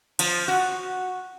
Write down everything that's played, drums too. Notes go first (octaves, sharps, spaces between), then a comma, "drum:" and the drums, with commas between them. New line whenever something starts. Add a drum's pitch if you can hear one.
F3, drum: cymbal
F#4